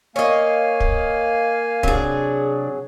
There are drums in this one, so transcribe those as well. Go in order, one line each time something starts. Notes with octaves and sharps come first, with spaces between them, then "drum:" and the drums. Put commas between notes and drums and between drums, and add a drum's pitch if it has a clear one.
A#3 C#5 D#5 F5 G#5
drum: kick
C3 F#3 D4 G#4, drum: kick